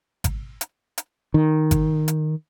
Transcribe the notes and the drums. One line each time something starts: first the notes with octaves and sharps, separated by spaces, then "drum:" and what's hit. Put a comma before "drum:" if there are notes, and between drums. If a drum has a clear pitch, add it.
drum: kick G#1, hi-hat
drum: hi-hat
drum: hi-hat
D#3
drum: kick G#1, hi-hat
drum: hi-hat